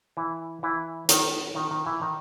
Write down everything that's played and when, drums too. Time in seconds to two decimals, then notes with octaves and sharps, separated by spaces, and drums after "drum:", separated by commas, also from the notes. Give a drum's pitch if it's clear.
0.17 E3 E4
0.63 E3 E4
1.09 D#3 D#4, drum: hi-hat
1.55 D#3 D#4
1.71 D#3 D#4
1.86 E3 E4
2.02 D#3 D#4